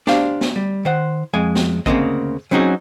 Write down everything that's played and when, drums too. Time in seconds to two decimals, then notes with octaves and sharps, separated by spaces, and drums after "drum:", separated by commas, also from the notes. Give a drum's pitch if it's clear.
0.07 D4 G4 C5 F5, drum: snare
0.41 drum: snare
0.56 G3
0.85 D#3 C5 F#5
1.34 F2 G#3 G#5
1.55 drum: snare
1.86 D2 C#3 F#3 A#3 C4 D#5, drum: kick A1
2.51 F#3 C4 C#4 D#4 F#4 G#4